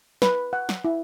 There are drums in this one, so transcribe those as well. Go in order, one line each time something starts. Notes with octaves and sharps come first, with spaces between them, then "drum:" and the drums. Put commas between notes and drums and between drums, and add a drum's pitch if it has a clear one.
B4, drum: snare
F#5
drum: snare
E4